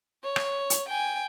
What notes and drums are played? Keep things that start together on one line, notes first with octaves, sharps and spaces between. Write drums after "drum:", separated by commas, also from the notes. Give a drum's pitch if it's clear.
C#5
drum: rim click
drum: hi-hat
G5 G#5